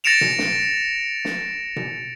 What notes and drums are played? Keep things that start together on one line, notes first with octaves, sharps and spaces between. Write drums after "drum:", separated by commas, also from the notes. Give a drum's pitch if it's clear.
A6 A#6 C#7 D7 E7 F7
drum: tom B2
drum: snare
drum: snare
drum: tom B2